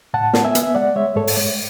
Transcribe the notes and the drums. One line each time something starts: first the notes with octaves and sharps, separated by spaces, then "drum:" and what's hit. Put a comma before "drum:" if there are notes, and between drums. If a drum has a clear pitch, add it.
A2 F#5 A5
B3, drum: snare
E5 G#5
B3, drum: hi-hat
E5
G#3 D5 F#5
G#3 C#5 E5
G#2 A4 C#5
drum: open hi-hat
G#3